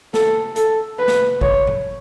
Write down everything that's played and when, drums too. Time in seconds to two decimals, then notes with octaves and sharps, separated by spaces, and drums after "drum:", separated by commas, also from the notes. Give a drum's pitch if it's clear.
0.14 A4, drum: snare
0.56 A4, drum: hi-hat
0.99 B4
1.08 drum: snare
1.41 C#5, drum: kick
1.67 drum: tom A#2